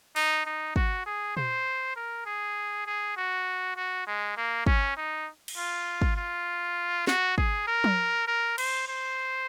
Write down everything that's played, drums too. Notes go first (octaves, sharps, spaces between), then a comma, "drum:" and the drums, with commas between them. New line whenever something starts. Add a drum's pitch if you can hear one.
D#4, drum: open hi-hat
D#4
F#4, drum: kick
G#4
C5, drum: tom A#2
A#4
G#4
G#4
F#4
F#4
G#3
A#3
C#4, drum: kick
D#4
drum: cymbal
F4
drum: kick
F4
F#4, drum: snare
G#4, drum: kick
A#4
drum: tom
A#4
C5, drum: cymbal
C5